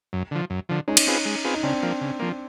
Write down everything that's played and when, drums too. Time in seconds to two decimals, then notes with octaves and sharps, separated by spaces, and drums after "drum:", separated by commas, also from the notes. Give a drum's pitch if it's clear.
0.13 F#2
0.31 D3 F3
0.50 F#2
0.69 D3 F3
0.88 G#3 C#4 D#4
0.97 drum: cymbal
1.07 C4 F4 G#4 B4
1.25 G#3
1.45 C4 F4 G#4 B4
1.54 D#4
1.63 C#3 C4 D4
1.82 F3 A#3
2.01 C#3
2.19 F3 A#3